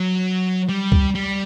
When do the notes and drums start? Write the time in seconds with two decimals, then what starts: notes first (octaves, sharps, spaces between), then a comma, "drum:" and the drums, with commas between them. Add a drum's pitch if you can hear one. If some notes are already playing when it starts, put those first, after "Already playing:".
Already playing: F#3
0.69 G3
0.92 drum: kick C#2
1.15 G3